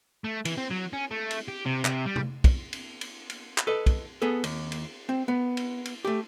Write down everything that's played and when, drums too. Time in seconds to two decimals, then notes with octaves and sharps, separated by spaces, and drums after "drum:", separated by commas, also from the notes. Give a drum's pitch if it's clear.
0.24 A3
0.45 E3, drum: cymbal
0.58 C4
0.71 F#3
0.93 C#4
1.11 A3
1.31 drum: cymbal
1.48 G4
1.66 C3
1.85 C3, drum: clap
2.06 G3
2.16 drum: tom C3
2.44 drum: kick, cymbal
2.73 drum: cymbal
3.01 drum: cymbal
3.30 drum: cymbal
3.58 drum: clap
3.67 A4 B4 D#5
3.86 drum: kick, cymbal
4.22 B3 G#4 A4
4.44 D#2, drum: cymbal
4.72 drum: cymbal
5.09 C4
5.28 B3
5.57 drum: cymbal
5.85 drum: cymbal
6.05 A3 G4